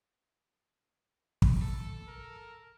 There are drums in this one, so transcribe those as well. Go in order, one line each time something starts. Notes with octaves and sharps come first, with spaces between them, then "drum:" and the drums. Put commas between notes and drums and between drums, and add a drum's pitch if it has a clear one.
drum: kick
A4
A#4